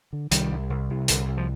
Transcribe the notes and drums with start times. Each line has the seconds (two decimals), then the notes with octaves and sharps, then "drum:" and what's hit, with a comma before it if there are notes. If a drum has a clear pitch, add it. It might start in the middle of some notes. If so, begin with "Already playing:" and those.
0.13 D3
0.31 C2 D#3 G3, drum: hi-hat
0.52 C2
0.70 C2
0.90 C2
1.08 C2 D3, drum: hi-hat
1.28 C2
1.38 F3